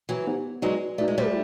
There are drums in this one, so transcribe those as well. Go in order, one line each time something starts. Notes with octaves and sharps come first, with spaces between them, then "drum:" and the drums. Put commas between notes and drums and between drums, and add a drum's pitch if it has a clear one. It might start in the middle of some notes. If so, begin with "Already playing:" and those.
E3 F#3
B3 D#4 G4 C5
F#3 G#3 D#4 F#4 B4 D5
A3 D#4 F#4 B4 D5
G#3
G3 A3, drum: tom